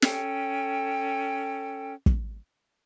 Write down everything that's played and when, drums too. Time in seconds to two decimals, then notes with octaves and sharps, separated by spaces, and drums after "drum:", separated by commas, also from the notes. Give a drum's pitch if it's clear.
0.02 C#4 A4 G5, drum: snare
2.06 drum: kick